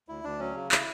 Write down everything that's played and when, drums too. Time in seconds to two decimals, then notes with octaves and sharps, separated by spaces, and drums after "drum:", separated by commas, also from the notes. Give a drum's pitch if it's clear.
0.08 D2 E4
0.24 D2 D4
0.39 F#3 C#4
0.55 C#3
0.72 E4, drum: clap